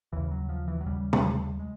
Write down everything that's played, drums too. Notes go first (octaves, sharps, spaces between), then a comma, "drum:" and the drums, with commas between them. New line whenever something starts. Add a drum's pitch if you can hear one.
D#2 C#3 E3
F#3
F3
E3
F#3
D#2 C#3 G3
drum: tom
G#3